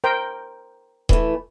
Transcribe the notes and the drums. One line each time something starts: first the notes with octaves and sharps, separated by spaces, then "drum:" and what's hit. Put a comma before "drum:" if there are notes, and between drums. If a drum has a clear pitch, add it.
A#4 C5 G5
E3 A3, drum: kick D#1